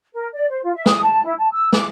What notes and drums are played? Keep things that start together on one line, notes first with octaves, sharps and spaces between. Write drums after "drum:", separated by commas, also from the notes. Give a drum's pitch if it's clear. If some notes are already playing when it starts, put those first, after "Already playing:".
A#4
D5
C5
F4
E5
D#6, drum: snare
A5
E4
A5
E6
D6, drum: snare